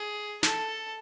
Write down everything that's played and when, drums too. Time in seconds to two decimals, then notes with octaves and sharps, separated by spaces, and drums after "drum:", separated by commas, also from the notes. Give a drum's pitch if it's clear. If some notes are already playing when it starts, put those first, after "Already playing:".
Already playing: G#4
0.43 A4, drum: snare